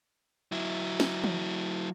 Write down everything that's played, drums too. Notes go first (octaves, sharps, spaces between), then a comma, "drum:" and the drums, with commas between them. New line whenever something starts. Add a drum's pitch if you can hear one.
F#3 E4
drum: snare
drum: tom E3